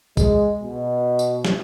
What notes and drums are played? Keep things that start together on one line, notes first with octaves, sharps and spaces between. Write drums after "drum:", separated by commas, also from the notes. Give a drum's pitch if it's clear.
G#3, drum: kick, tambourine
B2
drum: tambourine
drum: snare